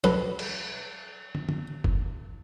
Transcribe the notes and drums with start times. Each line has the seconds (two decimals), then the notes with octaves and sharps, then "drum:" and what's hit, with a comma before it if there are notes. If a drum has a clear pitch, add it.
0.04 F#3 A4 B4, drum: snare F#3
0.39 drum: cymbal
1.35 drum: tom
1.49 drum: tom
1.84 drum: kick F#1